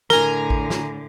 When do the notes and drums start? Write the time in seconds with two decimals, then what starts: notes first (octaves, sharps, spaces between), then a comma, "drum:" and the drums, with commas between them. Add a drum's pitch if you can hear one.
0.10 A2 D3 A#4 G#5 A#5, drum: snare
0.50 drum: kick A1
0.70 drum: snare